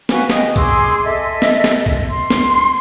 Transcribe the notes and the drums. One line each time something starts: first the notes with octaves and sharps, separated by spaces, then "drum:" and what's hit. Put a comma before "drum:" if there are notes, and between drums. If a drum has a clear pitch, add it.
F#4 B4 F5 G#5, drum: snare
D#5 G5 D#6, drum: snare
G#4 C6 D6 E6, drum: kick B1, hi-hat
A4 D#5 E5
drum: snare
drum: snare
drum: kick B1, hi-hat
C6
drum: snare